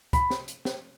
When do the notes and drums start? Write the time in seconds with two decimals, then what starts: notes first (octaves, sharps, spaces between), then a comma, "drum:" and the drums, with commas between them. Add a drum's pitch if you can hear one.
0.13 B5, drum: kick, hi-hat
0.30 drum: snare
0.48 drum: hi-hat
0.65 drum: snare